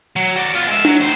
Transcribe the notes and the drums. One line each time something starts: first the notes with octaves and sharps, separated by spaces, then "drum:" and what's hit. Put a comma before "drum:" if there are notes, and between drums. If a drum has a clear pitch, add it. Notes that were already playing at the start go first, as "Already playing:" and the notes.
F#3
F#4 D5
B3 F4
G#3 E5
F#3, drum: tom D4
A2 C5